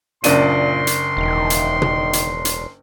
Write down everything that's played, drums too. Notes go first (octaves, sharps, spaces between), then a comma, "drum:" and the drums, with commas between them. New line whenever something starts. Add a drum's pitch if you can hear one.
F#1 A#2 D4 C6 D#7, drum: hi-hat
drum: hi-hat
E1 D#3
drum: hi-hat
drum: tom B2
drum: hi-hat
drum: hi-hat